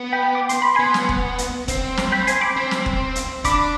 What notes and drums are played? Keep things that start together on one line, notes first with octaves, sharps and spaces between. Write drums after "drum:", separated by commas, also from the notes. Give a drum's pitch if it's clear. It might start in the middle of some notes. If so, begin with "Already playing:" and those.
Already playing: B3
G5 B5
D6
C6, drum: hi-hat
B5
B3 G#5 C6
drum: snare
drum: kick E1
drum: hi-hat
C4, drum: kick E1, hi-hat
drum: snare
G5 B5
G#5 C6, drum: hi-hat
B5 D6
C4
drum: snare
drum: kick E1
drum: hi-hat
D4 B5 D6, drum: kick E1, hi-hat